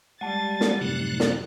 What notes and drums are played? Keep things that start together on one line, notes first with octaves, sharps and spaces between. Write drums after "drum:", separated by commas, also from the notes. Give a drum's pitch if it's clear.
G3 G#3 F#5 A5 A6
drum: snare
F#2 A2 C3 F3 A3 D#4 F#6
drum: snare